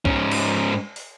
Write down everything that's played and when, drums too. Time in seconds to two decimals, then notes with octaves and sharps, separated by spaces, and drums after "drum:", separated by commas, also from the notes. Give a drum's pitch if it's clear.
0.05 G#2 C#4, drum: kick
0.31 drum: cymbal
0.96 drum: open hi-hat